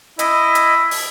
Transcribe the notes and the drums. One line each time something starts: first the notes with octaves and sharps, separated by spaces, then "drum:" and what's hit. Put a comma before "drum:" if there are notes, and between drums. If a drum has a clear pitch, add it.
E4 D#5, drum: hi-hat
drum: hi-hat
drum: open hi-hat